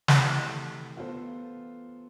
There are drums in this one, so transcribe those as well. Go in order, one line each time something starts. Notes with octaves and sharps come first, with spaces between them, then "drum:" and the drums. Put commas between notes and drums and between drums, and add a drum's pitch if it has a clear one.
C3 E3 A3, drum: snare
B3 F4 A4 C5